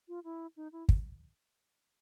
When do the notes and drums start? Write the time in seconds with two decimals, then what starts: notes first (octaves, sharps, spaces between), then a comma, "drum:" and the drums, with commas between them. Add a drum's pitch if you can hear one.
0.08 F4
0.24 E4
0.57 D#4
0.72 E4
0.89 drum: kick